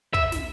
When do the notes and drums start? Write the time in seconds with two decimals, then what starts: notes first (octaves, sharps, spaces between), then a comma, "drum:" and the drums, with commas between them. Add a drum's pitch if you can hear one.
0.14 E5, drum: kick
0.32 drum: snare